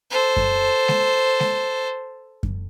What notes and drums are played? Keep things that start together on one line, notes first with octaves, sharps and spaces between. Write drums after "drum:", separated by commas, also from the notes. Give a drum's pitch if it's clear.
A4 C5
drum: kick F#2
drum: snare G#3
drum: snare G#3
drum: kick F#2